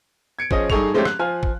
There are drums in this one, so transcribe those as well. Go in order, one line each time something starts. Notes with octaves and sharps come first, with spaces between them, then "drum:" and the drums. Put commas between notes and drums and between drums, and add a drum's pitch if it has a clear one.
G#6 C#7 D7
F3 C#4 G#4 D#5, drum: kick
G2 D#4 G#4 A4 C#6 F7, drum: kick
F3 G#3 A3 C4 C#4 G4
F#6, drum: rim click
F3 F4 G#5 F6
drum: kick